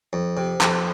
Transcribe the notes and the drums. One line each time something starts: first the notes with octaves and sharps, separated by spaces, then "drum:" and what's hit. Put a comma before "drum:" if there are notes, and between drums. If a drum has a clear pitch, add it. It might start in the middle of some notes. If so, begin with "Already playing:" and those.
F2
C3
F2, drum: clap